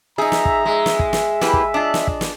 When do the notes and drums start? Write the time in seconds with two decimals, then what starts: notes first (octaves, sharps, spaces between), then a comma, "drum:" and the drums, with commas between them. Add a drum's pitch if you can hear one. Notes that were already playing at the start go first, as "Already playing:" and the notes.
0.18 F3 D#4 G#4 E5 A#5
0.32 drum: snare
0.45 drum: kick
0.65 G#3
0.86 drum: snare
0.99 drum: kick
1.13 drum: snare
1.41 A#3 E4 G4 B4, drum: snare
1.53 drum: kick
1.74 D4 F4 D#5
1.94 drum: snare
2.07 drum: kick
2.21 drum: snare